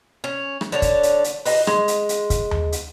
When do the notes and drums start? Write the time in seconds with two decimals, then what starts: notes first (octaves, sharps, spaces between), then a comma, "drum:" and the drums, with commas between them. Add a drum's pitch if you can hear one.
0.24 C#4
0.61 drum: rim click
0.72 D3 D4 C#5
0.82 drum: kick, hi-hat
1.03 drum: hi-hat
1.24 drum: hi-hat
1.45 D#4 B4, drum: open hi-hat
1.67 G#3, drum: rim click
1.88 drum: hi-hat
2.09 drum: hi-hat
2.30 drum: kick, hi-hat
2.51 drum: tom D#2
2.72 drum: hi-hat